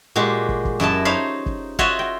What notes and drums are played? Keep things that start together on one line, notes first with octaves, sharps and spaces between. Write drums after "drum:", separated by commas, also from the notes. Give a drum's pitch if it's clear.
A#2 G#3 F#4 G4
drum: kick
drum: kick
F#2 E4 D#5 A5
D#4 C5 C#5 F5 B5
drum: kick
F4 F#4 C#5 D#5 E5 F#5, drum: kick
G5